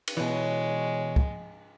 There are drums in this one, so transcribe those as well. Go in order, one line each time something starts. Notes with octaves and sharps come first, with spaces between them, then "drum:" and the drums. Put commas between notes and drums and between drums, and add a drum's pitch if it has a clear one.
drum: cymbal
B2 E3 G#3 C#5
drum: kick